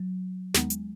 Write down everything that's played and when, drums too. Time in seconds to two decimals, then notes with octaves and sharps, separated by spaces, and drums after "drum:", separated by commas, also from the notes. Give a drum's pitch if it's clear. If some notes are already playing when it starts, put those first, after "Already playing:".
Already playing: F#3
0.54 D#2 D#3 G#3 B3 D#4, drum: snare
0.70 drum: hi-hat